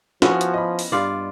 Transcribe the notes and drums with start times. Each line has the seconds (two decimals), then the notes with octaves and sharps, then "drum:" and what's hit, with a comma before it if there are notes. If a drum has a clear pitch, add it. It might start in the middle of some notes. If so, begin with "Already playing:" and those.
0.22 F3 B3 C#4 E4 F#4, drum: snare
0.41 drum: hi-hat
0.54 D#5 B5
0.79 drum: open hi-hat
0.92 G2 F4 D5